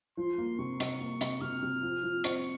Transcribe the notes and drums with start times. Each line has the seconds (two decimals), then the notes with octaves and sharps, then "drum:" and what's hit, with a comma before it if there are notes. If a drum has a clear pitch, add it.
0.17 F3 C6
0.38 A#3
0.59 C3 C#6
0.80 C3, drum: hi-hat
1.01 A#3
1.21 C3, drum: hi-hat
1.41 C3 F6
1.62 C3
1.83 F3
2.03 F3
2.24 C4 C#6, drum: hi-hat